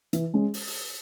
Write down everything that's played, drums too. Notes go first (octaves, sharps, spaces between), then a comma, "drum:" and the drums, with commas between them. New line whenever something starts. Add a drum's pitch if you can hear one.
E3, drum: hi-hat
G#3 C#4
drum: open hi-hat
drum: open hi-hat